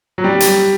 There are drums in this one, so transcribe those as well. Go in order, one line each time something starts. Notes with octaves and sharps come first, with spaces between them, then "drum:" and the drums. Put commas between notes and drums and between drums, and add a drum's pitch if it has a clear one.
F#3
G3
drum: hi-hat